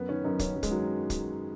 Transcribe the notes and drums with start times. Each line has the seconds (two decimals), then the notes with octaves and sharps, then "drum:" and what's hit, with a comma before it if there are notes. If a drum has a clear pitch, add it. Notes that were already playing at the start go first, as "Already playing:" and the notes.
Already playing: F#2 B3
0.09 D#3 C#4
0.24 F#2 D#4
0.39 D#3 C#4, drum: kick, hi-hat
0.56 F#2
0.63 G#3, drum: kick, hi-hat
0.71 D#3 F#3
1.10 drum: kick, hi-hat